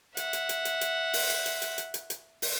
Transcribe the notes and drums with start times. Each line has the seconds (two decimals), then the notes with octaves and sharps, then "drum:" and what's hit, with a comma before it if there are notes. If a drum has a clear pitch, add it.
0.17 E5 F#5, drum: hi-hat
0.33 drum: hi-hat
0.49 drum: hi-hat
0.65 drum: hi-hat
0.81 drum: hi-hat
1.13 drum: open hi-hat
1.30 drum: hi-hat
1.46 drum: hi-hat
1.62 drum: hi-hat
1.78 drum: hi-hat
1.94 drum: hi-hat
2.10 drum: hi-hat
2.42 drum: open hi-hat